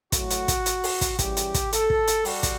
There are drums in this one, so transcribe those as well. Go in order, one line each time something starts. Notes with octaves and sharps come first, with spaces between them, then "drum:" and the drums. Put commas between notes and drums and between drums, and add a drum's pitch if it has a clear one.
A2 F#3 A3 F#4, drum: kick, hi-hat
drum: hi-hat
drum: kick, hi-hat
drum: hi-hat
drum: open hi-hat
drum: kick, hi-hat
C#3 E3 G3 G4, drum: kick, hi-hat
drum: hi-hat
drum: kick, hi-hat
A4, drum: hi-hat
drum: kick
drum: hi-hat
G3 F#4, drum: open hi-hat
drum: kick, hi-hat